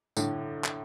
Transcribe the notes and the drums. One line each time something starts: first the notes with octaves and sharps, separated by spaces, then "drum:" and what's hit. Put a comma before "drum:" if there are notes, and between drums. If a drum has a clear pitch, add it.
A2 D3, drum: tambourine
drum: clap